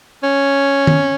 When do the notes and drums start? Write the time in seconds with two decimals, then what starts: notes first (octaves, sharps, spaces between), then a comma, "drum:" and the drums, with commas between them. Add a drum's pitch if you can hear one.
0.23 C#4
0.87 drum: tom